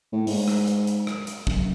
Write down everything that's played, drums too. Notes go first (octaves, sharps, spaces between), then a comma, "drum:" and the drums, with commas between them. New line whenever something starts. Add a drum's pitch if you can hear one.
A2
G#2, drum: open hi-hat
drum: rim click
drum: hi-hat
drum: hi-hat
drum: rim click
drum: hi-hat
F#2, drum: kick